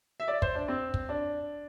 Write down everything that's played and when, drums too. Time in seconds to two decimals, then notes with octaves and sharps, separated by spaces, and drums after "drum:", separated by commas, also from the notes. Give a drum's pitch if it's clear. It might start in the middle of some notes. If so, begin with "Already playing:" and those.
0.20 E5
0.28 D5
0.42 C5, drum: kick
0.55 D4
0.68 C4
0.94 drum: kick
1.09 D4